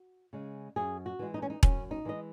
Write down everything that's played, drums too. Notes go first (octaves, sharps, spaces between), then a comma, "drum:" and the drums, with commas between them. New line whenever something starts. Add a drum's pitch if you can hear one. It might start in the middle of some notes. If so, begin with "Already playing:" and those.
Already playing: F#4
C#3 G#3
F#2 G#4
F#4
E3 G#3
D#4
C#4
D#4
F#2 C#4, drum: kick E1
D#4
E3 G#3 D#5